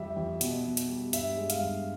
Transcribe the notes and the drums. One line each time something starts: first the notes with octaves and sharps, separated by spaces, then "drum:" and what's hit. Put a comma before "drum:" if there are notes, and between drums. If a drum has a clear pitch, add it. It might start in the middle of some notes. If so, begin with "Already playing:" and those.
Already playing: F2 G3 E5
F2
B2, drum: hi-hat
B2
drum: hi-hat
G3
G2 E5, drum: hi-hat
G#3
F5, drum: hi-hat
G2